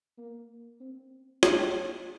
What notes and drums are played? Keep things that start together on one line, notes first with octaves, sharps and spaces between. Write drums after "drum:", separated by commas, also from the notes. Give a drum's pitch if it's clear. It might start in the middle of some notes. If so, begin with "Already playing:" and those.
A#3
C4
C4
A#3, drum: snare